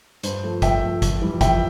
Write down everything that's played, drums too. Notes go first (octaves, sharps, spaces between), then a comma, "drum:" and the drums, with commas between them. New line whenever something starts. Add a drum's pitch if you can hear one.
G2 C5, drum: hi-hat
F3 A3
G2 E5 G5, drum: kick, hi-hat
F3 A3
F2, drum: kick, hi-hat
E3 G3
F2 E5 G5, drum: kick, hi-hat